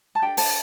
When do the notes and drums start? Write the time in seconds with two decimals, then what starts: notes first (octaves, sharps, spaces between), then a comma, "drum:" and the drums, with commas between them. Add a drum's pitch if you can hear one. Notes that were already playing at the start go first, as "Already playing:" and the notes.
0.15 A5
0.22 D4 G4 A4 G5
0.37 A4 A5, drum: open hi-hat